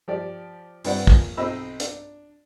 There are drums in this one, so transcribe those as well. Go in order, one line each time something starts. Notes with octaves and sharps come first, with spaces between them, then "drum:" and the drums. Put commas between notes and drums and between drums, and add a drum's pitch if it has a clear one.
F3 G4 D5
G2 B3 C4 B4 D5 F#5, drum: open hi-hat
A#1, drum: kick
B1 C4 D#5 B5 E6
D4, drum: hi-hat